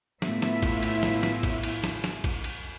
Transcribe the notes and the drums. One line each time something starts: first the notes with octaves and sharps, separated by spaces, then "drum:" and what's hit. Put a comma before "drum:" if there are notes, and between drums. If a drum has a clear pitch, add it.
A2 B3 E4 F4 E5, drum: snare
drum: snare
drum: kick, cymbal
drum: cymbal
drum: snare
drum: snare
drum: kick, cymbal
drum: cymbal
drum: snare
drum: snare
drum: kick, cymbal
drum: cymbal